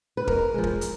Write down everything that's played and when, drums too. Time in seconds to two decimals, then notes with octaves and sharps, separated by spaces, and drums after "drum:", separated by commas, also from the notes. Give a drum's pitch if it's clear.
0.17 B4
0.27 F2 A#4, drum: kick
0.54 F3 G#3
0.64 drum: kick
0.81 drum: hi-hat